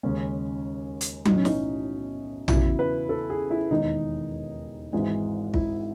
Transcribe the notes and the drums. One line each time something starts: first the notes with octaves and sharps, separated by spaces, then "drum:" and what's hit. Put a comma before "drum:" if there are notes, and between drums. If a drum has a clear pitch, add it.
D#2 C#3 G#3 C#4
drum: hi-hat
B1 A2 E3 D#4, drum: tom F#3
C#4
D#4, drum: snare
E2 C#3 F#3 E4, drum: tom A#1
B4
A4
G#4
E4
E1 D#2 D#3 G#3 D#4
G#1 G#2 E3 G#3
E4, drum: kick